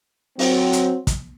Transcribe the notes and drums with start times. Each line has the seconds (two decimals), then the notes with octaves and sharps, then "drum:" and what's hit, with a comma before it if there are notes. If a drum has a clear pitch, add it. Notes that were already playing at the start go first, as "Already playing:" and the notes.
0.39 F#3 C4, drum: open hi-hat
0.73 drum: hi-hat
1.07 drum: kick, hi-hat